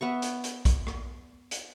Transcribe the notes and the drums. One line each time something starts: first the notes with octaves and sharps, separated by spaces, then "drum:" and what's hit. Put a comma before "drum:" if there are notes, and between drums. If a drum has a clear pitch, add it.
B3 E5 C#6
drum: hi-hat
drum: hi-hat
drum: kick A#1, hi-hat
drum: rim click
drum: hi-hat